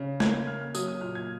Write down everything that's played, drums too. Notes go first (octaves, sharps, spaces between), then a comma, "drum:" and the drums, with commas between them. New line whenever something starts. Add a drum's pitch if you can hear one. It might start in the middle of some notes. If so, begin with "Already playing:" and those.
Already playing: C#3
A#3 G#6, drum: snare
G#6
A#3 F6
F6
F#3 D#6, drum: tambourine
D#6
A#2 F6
G#6